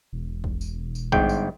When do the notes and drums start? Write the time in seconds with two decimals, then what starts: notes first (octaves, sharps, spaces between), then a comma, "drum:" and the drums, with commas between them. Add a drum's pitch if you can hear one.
0.13 E1
0.44 drum: kick
0.61 drum: tambourine
0.95 drum: tambourine
1.12 G1 G#2 G5, drum: kick
1.29 drum: tambourine